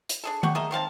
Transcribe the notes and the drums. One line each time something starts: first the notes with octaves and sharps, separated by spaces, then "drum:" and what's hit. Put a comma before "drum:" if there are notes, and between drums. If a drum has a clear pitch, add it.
drum: hi-hat
D4 G#4 A4
G4 F#5 C#6, drum: tom D#3
G#4 A#4 D#5 E5
D#3 C4 F5 A5